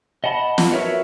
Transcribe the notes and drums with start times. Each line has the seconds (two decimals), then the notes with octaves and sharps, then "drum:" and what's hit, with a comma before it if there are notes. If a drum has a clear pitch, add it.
0.24 D#5 F#5 A5 B5
0.58 drum: snare
0.72 F#4 A#4 B4 C#5 E5